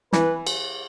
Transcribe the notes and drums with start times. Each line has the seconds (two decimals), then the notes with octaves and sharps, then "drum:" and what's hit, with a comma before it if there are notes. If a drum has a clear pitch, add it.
0.13 E3 B4, drum: snare
0.47 drum: cymbal